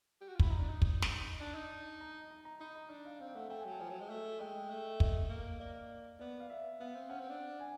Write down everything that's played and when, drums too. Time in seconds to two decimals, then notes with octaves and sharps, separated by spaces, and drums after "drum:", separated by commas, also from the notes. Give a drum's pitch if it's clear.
0.21 G4
0.28 F#4
0.35 F4
0.40 E4 B5, drum: kick
0.50 D#4 A#5
0.60 D4
0.70 D#4
0.82 drum: kick
1.02 drum: snare
1.40 D4 A5
1.55 D#4
2.01 A#5
2.30 A#5
2.45 A#5
2.60 D#4 B5
2.75 A#5
2.90 D4 A#5
3.06 F5
3.19 C4 F5
3.35 A3 F#5
3.49 A3 G5
3.59 G#5
3.65 F#3
3.70 A5
3.80 F3 G#5
3.90 F#3
4.01 G#3
4.10 A3
4.40 G#3 G5
4.70 A3
5.00 D#5, drum: kick
5.30 A#3
5.59 A#3 D5
6.19 B3 D5
6.40 F5
6.50 E5
6.80 B3 F5
6.95 C4
7.09 C#4 F#5
7.20 C4
7.30 D4
7.60 G#5